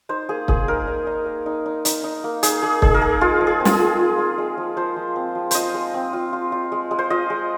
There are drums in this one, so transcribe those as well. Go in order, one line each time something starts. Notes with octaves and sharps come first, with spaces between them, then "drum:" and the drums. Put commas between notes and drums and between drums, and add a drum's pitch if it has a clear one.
D#4 C5
A#3 G#4
A#3 G#4, drum: kick C#1
D#4 A#4
D#4
D#4
A#3
D#4
D#4
D#4, drum: hi-hat
D#4
A#3
D#4 G#4, drum: hi-hat
A#3 G#4
D#4 G#4, drum: kick C#1
A#4
A#3 G#4
G#3 F4
F3
G#4
C4
F4, drum: snare
G#4
F4
F4
F4
G#3
F3
F3 C5
F3
C4
F3
F4 C5 D#5, drum: hi-hat
G#3
C4
F4
F4
F4
G#3
G#3
C5
F4 D#5
G#3